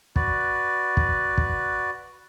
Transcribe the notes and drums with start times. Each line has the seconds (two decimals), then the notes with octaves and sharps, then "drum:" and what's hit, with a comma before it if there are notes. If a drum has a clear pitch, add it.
0.16 F#4 B4 D5, drum: kick
0.97 drum: kick
1.38 drum: kick